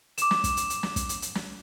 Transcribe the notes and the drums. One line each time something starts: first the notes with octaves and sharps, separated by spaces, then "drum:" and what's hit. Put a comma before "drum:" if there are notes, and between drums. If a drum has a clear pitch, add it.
D6 E7, drum: hi-hat
drum: snare
drum: kick, hi-hat
drum: hi-hat
drum: hi-hat
drum: snare
drum: kick, hi-hat
drum: hi-hat
drum: hi-hat
drum: snare